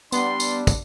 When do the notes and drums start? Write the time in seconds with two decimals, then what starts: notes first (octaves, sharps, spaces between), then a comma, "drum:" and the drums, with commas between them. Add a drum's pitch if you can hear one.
0.12 G3 B3 D4 C6, drum: tambourine
0.40 drum: tambourine
0.67 drum: kick, tambourine